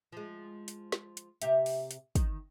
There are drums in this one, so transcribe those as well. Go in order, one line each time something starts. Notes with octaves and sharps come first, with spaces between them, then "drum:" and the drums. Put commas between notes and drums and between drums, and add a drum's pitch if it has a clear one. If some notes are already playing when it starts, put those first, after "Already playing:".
F3 G#3
drum: hi-hat
drum: snare
drum: hi-hat
C3 G4 E5, drum: hi-hat
drum: open hi-hat
drum: hi-hat
D#3, drum: kick, hi-hat